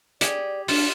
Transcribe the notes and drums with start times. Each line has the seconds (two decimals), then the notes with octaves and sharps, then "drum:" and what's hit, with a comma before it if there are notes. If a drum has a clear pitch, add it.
0.21 G4 G#4 D5, drum: hi-hat
0.68 D4 F4, drum: open hi-hat